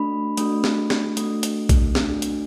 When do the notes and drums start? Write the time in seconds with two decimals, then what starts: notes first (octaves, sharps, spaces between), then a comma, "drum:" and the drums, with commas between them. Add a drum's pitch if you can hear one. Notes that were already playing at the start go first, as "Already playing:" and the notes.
Already playing: A3 D4 F#4 B5
0.37 A3 D4 F#4, drum: hi-hat
0.64 drum: snare
0.90 drum: snare
1.17 A3 D4 F#4, drum: hi-hat
1.43 drum: hi-hat
1.69 drum: kick, hi-hat
1.95 A3 D4 F#4, drum: snare
2.22 drum: hi-hat